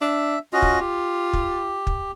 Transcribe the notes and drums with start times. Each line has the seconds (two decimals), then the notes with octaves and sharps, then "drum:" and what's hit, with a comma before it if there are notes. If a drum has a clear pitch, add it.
0.01 D4 E5
0.53 C#4 F4 F#4 D#5
0.62 drum: kick
0.80 G4
1.33 drum: kick
1.87 drum: kick